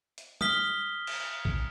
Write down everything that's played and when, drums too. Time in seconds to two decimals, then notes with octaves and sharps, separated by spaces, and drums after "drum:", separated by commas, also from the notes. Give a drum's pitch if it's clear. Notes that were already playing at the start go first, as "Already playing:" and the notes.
0.18 drum: hi-hat
0.41 D#6 F6 B6 G7, drum: tom
1.07 drum: cymbal
1.45 drum: kick